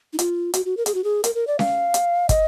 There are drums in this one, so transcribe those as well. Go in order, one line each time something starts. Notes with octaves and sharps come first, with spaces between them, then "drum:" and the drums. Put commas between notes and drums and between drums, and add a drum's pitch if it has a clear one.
D#4
F4, drum: hi-hat
F#4, drum: hi-hat
F#4
A#4
G#4, drum: hi-hat
F#4
G#4
A#4, drum: hi-hat
A#4
D5
F5, drum: snare C#4
drum: hi-hat
D#5, drum: kick, hi-hat